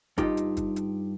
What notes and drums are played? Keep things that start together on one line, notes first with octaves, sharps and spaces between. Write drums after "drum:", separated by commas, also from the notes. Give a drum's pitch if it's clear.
G2 D#4 F4 G4 D#5, drum: kick, hi-hat
drum: hi-hat
drum: kick, hi-hat
drum: hi-hat